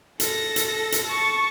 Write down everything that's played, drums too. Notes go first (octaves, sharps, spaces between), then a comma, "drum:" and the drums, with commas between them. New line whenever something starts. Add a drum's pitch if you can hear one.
A4 A#6, drum: hi-hat
drum: hi-hat
drum: hi-hat
A5 C#6